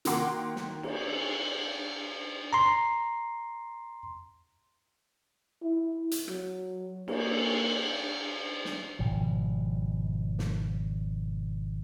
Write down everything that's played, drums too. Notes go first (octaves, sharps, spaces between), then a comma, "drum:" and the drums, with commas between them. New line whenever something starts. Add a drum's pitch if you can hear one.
D#3 A#3 F#4 C6 D6, drum: hi-hat
drum: snare
drum: cymbal
A#5 C6
E4
drum: hi-hat
F#3, drum: rim click
A#3, drum: cymbal
drum: snare
G#1 B2 F3
drum: snare